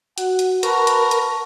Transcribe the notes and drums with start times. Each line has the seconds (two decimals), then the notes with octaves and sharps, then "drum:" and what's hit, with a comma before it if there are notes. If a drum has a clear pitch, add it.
0.18 F#4 F#5, drum: hi-hat
0.39 drum: hi-hat
0.63 A#4 B4 F#5 A5 C#6, drum: hi-hat
0.87 drum: hi-hat
1.11 drum: hi-hat